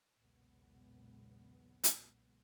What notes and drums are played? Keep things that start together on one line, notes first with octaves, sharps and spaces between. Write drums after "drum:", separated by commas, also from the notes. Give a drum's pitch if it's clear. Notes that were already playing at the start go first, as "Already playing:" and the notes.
B1 E2 A#2 C#3 G#3 B3
drum: hi-hat